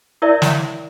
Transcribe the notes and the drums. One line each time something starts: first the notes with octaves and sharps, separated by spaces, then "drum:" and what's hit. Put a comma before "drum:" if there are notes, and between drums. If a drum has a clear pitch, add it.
E4 A#4 C#5 D5 E5
drum: snare